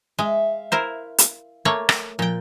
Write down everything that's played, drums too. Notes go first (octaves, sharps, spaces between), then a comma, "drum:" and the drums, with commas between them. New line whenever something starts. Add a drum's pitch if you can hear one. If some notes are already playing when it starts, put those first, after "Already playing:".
G#3 E5 F5
E4 A#4 C5
drum: hi-hat
A3 A#3 C#5
drum: rim click
A#2 F3 G5